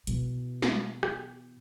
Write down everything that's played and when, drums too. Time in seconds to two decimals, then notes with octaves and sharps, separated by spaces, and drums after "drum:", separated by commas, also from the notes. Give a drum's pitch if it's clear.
0.07 B2 E3, drum: hi-hat
0.62 drum: snare
1.03 drum: rim click